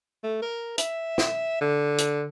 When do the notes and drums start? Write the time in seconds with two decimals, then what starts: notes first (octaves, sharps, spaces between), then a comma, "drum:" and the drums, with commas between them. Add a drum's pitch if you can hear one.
0.24 A3
0.42 A#4
0.78 E5, drum: hi-hat
1.18 drum: snare
1.61 D3
1.98 drum: hi-hat